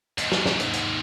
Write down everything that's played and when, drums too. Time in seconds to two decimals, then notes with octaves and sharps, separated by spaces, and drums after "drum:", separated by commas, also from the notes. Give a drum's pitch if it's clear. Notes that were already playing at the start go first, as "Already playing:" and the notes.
0.18 D#2 G#2, drum: hi-hat
0.32 drum: snare
0.46 drum: snare
0.59 drum: hi-hat
0.73 drum: hi-hat